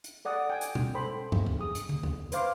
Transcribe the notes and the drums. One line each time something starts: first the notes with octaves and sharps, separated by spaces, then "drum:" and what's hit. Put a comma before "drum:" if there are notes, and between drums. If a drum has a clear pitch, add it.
drum: hi-hat
A4 D5 F#5 D#6
G5 G#5
drum: hi-hat
drum: tom B2
A4 C5 G5 B5 C6
drum: tom
drum: tom E2
G#4 D#6
drum: hi-hat
drum: tom
drum: tom E2
B4 C5 F5 D6, drum: hi-hat